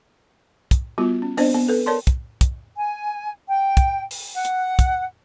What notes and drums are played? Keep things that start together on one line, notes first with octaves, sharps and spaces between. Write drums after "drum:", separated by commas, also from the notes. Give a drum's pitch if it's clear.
drum: kick, hi-hat
G3 B3 F4 F#4
C#4
B3 C4 D4 C5 D5 D#5, drum: open hi-hat
B3
A4 B4
A#4 C#5 D5 A5 C6
drum: kick, hi-hat
drum: kick, hi-hat
G#5
G5
drum: kick, hi-hat
drum: open hi-hat
F#5
drum: hi-hat
drum: kick, hi-hat